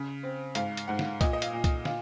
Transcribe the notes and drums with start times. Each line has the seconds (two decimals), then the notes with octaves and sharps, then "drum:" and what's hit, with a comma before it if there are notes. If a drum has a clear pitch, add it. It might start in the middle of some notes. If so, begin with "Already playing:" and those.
Already playing: C#3
0.23 C4
0.55 G#2 F5, drum: hi-hat
0.77 drum: hi-hat
0.88 G#2 F#5
0.99 drum: snare
1.21 A#2 D#5, drum: kick, hi-hat
1.33 D#5
1.42 F5, drum: hi-hat
1.53 A#2
1.64 drum: kick, hi-hat
1.85 F4, drum: snare